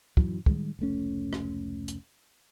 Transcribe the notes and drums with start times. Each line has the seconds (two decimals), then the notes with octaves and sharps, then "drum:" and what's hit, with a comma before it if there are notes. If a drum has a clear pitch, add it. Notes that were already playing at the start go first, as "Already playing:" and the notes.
0.17 F#2 E3 F#3, drum: kick
0.46 D#3 G3 G#3, drum: kick
0.79 F1 C#2 A3 C#4
1.33 drum: rim click
1.88 drum: hi-hat